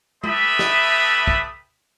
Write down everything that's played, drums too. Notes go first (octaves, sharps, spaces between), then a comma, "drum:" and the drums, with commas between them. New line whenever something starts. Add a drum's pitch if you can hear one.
A3 G4 B4 E5 B5 D#6, drum: tom G#3
drum: snare
drum: kick